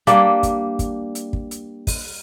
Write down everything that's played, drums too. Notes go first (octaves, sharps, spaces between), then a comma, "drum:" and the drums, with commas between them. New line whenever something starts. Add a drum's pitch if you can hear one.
G3 A#3 D4, drum: hi-hat
drum: kick, hi-hat
drum: kick, hi-hat
drum: hi-hat
drum: kick
drum: hi-hat
drum: kick, open hi-hat